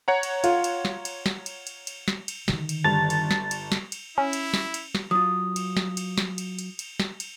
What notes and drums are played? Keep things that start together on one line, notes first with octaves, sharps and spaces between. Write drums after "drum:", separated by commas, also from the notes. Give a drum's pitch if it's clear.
C#5 F#5 A#5
drum: cymbal
F4, drum: cymbal
drum: cymbal
drum: snare
drum: cymbal
drum: snare
drum: cymbal
drum: cymbal
drum: cymbal
drum: snare
drum: cymbal
D3 D#3, drum: snare
drum: cymbal
G1 G3 A5 A6 F7
drum: cymbal
drum: snare
drum: cymbal
drum: snare
drum: cymbal
C#4 E4
drum: cymbal
drum: snare
drum: cymbal
drum: snare
F#3 F4 D#6
drum: cymbal
drum: snare
drum: cymbal
drum: snare
drum: cymbal
drum: cymbal
drum: cymbal
drum: snare
drum: cymbal